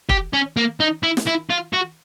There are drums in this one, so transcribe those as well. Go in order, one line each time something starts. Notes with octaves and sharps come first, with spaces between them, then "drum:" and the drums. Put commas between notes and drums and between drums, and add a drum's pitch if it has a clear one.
G4, drum: kick
C#4
A#3
D#4
E4
drum: snare
E4
F4
F#4